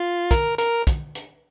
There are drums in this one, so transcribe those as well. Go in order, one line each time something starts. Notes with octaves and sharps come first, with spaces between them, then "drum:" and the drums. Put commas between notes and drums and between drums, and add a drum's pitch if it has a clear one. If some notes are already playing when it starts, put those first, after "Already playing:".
Already playing: F4
A#4, drum: kick, hi-hat
A#4, drum: hi-hat
drum: kick, hi-hat
drum: hi-hat